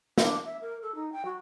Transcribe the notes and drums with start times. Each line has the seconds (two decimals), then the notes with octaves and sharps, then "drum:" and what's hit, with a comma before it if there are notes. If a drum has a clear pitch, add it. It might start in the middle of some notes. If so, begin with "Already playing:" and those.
0.18 D4, drum: snare
0.45 E5
0.61 A#4
0.82 A4
0.94 D#4
1.12 G5
1.25 F#4